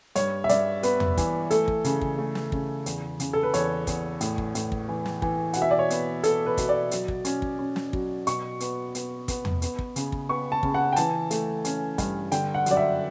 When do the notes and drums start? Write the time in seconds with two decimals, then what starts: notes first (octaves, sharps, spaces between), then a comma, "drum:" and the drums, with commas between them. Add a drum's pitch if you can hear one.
0.15 G2 C#5, drum: hi-hat
0.44 E5
0.49 G2 D5, drum: hi-hat
0.83 B3 B4, drum: hi-hat
1.00 drum: tom E2
1.18 E3, drum: kick, hi-hat
1.51 A3 A4, drum: hi-hat
1.68 drum: kick
1.84 C#3, drum: hi-hat
2.01 drum: kick
2.19 A3
2.35 drum: snare
2.52 C#3, drum: kick
2.86 E2, drum: hi-hat
3.20 C#3, drum: hi-hat
3.33 A4
3.43 B4
3.54 E2 C#5, drum: hi-hat
3.87 E2, drum: kick, hi-hat
4.21 A2, drum: hi-hat
4.38 drum: kick
4.55 A2, drum: hi-hat
4.72 drum: kick
4.89 E3
5.06 drum: snare
5.22 E3, drum: kick
5.53 B2 F#5, drum: hi-hat
5.62 E5
5.71 D5
5.79 C#5
5.90 B3, drum: hi-hat
6.24 B3 A4, drum: hi-hat
6.46 B4
6.58 B2, drum: kick, hi-hat
6.69 D5
6.91 F#3, drum: hi-hat
7.08 drum: kick
7.25 C#4, drum: hi-hat
7.42 drum: kick
7.59 C#4
7.76 drum: snare
7.93 F#3, drum: kick
8.27 B2 C#6, drum: hi-hat
8.60 B3, drum: hi-hat
8.95 B3, drum: hi-hat
9.28 B3, drum: kick, hi-hat
9.45 drum: tom E2
9.62 B3, drum: hi-hat
9.79 drum: kick
9.96 C#3, drum: hi-hat
10.12 drum: kick
10.29 B3 C#6
10.52 A5
10.63 C#3, drum: kick
10.74 F#5
10.93 G5
10.96 E3 A5, drum: hi-hat
11.31 A3, drum: hi-hat
11.65 C#4, drum: hi-hat
11.98 G2, drum: kick, hi-hat
12.32 D3 G5, drum: hi-hat
12.54 F#5
12.66 F#2 D5, drum: hi-hat
12.77 E5